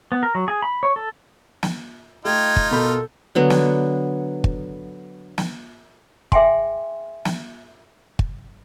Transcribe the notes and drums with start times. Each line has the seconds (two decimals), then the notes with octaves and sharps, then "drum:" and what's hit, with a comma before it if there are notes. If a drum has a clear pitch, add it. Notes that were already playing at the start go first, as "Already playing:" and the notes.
0.12 B3
0.23 A#4
0.35 F#3
0.48 G#4
0.62 B5
0.83 C#5
0.96 A4
1.63 drum: snare
2.25 A3 D#4 F4 G5 G#6
2.56 drum: kick
2.71 B2 A4 A#4 B5 G6
3.35 D3 F#3 B3
3.50 drum: snare
4.44 drum: kick
5.38 drum: snare
6.32 G#4 E5 G5 G#5 C6, drum: kick
7.25 drum: snare
8.19 drum: kick